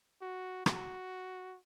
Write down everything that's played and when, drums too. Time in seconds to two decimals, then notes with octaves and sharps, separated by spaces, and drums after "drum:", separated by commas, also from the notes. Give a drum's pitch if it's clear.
0.21 F#4
0.66 F#4, drum: rim click